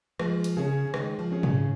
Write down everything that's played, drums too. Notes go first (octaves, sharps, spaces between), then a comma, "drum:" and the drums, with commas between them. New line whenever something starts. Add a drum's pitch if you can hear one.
F3 G#3, drum: rim click
drum: hi-hat
C#3 C#4 G#4
C#3
D#3 G#3, drum: rim click
F3
C#4 G#4
C#3, drum: tom G#2